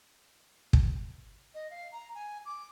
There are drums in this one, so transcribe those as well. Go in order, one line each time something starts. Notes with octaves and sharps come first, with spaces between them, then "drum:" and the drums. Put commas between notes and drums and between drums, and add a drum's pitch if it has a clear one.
drum: kick
D#5
F5
A#5
G#5
D6